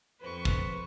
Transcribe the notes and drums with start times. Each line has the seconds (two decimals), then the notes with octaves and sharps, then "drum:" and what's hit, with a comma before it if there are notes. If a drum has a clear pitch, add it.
0.21 F2 B4 C5 C#6
0.45 drum: kick